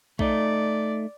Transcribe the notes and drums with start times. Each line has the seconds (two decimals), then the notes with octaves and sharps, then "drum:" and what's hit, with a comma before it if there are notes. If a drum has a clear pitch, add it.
0.19 A3 D#4 D5, drum: kick A#1